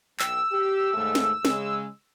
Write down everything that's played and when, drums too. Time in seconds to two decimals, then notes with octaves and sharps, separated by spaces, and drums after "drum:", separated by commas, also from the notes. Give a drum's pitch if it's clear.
0.19 B1 G5 E6, drum: clap
0.52 G4
0.94 D#2 G#2 A3
1.15 drum: snare
1.45 C#3 G#3, drum: snare